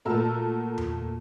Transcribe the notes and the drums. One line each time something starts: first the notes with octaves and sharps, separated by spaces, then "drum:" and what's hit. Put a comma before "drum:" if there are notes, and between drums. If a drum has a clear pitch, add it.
A#2 A3 F#4 A#4 A5 E6
drum: tom E2